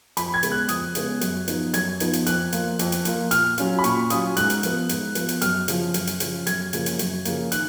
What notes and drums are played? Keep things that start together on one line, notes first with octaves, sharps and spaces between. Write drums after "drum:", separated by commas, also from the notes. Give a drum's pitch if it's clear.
F2 B5, drum: hi-hat
G#6
C#3 G#3 B3, drum: hi-hat
F#6
F2 D#6, drum: hi-hat
C#3 G#3 B3, drum: hi-hat
F#2, drum: hi-hat
F3 B3 D#4, drum: hi-hat
F#2 G#6, drum: hi-hat
F3 B3 D#4, drum: hi-hat
drum: hi-hat
F2 F#6, drum: hi-hat
F3 A#3 F4, drum: hi-hat
F2, drum: hi-hat
drum: hi-hat
F3 A#3 F4, drum: hi-hat
A#2 F6, drum: hi-hat
F#3 C#4 F4, drum: hi-hat
B5
A#2 C#6, drum: hi-hat
F#3 C#4 F4 D#6, drum: hi-hat
G#2 F#6, drum: hi-hat
drum: hi-hat
F3 B3, drum: hi-hat
G#2, drum: hi-hat
F3 B3, drum: hi-hat
drum: hi-hat
F#2 F6, drum: hi-hat
C#3 F3, drum: hi-hat
F#2, drum: hi-hat
drum: hi-hat
C#3 F3, drum: hi-hat
F#2 G#6, drum: hi-hat
C#3 F3 A#3, drum: hi-hat
drum: hi-hat
F#2, drum: hi-hat
C#3 F3 A#3, drum: hi-hat
D#3 F#6, drum: hi-hat